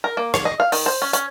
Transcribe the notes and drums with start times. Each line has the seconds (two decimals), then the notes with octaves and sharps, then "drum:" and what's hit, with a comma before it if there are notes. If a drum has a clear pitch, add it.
0.04 A#4
0.17 A#3
0.34 C#5, drum: rim click
0.45 D#5
0.60 F5
0.72 D#3, drum: open hi-hat
0.86 C5
1.02 C#4
1.13 C#4, drum: hi-hat